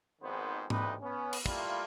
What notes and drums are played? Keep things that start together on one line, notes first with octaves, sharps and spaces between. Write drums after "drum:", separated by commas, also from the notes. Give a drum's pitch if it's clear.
G#1 F2 G#2 D#3 B3 C5
D2 C3 D#4 B4, drum: tom G#2
B3 C#4
drum: cymbal
G3 A3 A#3 E4 F4, drum: kick